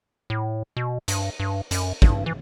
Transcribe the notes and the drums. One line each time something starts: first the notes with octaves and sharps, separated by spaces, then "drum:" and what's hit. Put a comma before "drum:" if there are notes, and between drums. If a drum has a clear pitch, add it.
A2
B2
G2, drum: hi-hat
G2
F#2, drum: hi-hat
G2, drum: kick
E3